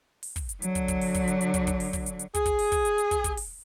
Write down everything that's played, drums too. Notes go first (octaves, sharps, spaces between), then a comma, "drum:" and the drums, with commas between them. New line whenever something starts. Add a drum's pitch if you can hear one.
drum: open hi-hat
drum: kick, hi-hat
drum: hi-hat
D3 F#3, drum: hi-hat
drum: kick, hi-hat
drum: kick, hi-hat
drum: open hi-hat
drum: kick, hi-hat
drum: hi-hat
drum: hi-hat
drum: kick, hi-hat
drum: kick, hi-hat
drum: open hi-hat
drum: kick, hi-hat
drum: hi-hat
drum: hi-hat
G#4, drum: kick, hi-hat
drum: kick, hi-hat
drum: open hi-hat
drum: kick, hi-hat
drum: hi-hat
drum: hi-hat
drum: kick, hi-hat
drum: kick, hi-hat
drum: open hi-hat